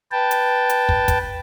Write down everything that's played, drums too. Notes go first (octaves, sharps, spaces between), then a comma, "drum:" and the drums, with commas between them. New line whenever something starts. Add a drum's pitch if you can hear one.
B4 G5 A5
drum: hi-hat
drum: hi-hat
drum: kick
drum: kick, hi-hat